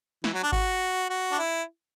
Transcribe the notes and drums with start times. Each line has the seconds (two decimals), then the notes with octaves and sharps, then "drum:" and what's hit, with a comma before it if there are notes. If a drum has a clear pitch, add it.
0.24 E3, drum: snare
0.34 F#3
0.43 D4
0.52 F#4, drum: kick G#1
1.10 F#4
1.32 D4
1.39 E4